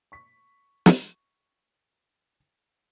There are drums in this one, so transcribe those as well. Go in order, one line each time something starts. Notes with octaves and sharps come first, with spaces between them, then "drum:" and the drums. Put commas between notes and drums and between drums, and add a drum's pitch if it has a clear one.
C#6 B6
drum: snare